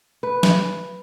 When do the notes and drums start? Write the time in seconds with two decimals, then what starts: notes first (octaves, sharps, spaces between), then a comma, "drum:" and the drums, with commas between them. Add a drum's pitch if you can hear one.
0.23 B4
0.43 drum: snare